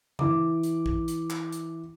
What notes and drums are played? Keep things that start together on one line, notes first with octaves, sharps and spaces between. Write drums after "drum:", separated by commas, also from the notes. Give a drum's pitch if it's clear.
E3 D6, drum: tom C#3
drum: hi-hat
drum: kick
drum: hi-hat
drum: clap
drum: hi-hat